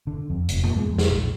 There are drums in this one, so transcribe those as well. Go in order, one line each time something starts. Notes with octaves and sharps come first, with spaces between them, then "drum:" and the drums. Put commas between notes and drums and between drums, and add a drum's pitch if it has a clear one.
D3
F2
F1, drum: hi-hat
A#2, drum: tom G2
G#3
F2
drum: snare
A#1